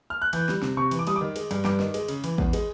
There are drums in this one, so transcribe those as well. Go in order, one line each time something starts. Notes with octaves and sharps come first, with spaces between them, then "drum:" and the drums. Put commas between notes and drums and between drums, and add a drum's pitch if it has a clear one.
F6
F#6
E3 G6, drum: cymbal
G3, drum: snare
C3, drum: snare
C3 C#6
E3, drum: cymbal
D6
G3 D#6, drum: cymbal
D#3 D6
G#3, drum: cymbal
G2, drum: cymbal
G2 D6, drum: snare
D#3, drum: snare
G#3, drum: cymbal
C#3, drum: cymbal
E3, drum: cymbal
E2, drum: kick
G#3, drum: cymbal